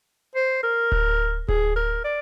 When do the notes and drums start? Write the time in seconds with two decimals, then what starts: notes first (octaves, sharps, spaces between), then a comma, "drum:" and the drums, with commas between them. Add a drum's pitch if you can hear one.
0.35 C5
0.63 A#4
0.92 drum: kick D1
1.48 G#4, drum: kick D1
1.76 A#4
2.04 D5